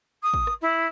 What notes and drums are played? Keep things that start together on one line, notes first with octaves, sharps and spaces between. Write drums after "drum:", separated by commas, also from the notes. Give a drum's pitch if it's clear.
D#6
drum: kick
drum: rim click
E4